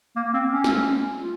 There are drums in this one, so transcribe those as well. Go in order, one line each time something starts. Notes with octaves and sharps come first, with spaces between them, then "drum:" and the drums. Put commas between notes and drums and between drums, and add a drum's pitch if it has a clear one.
A#3
C4
C#4
drum: snare
F4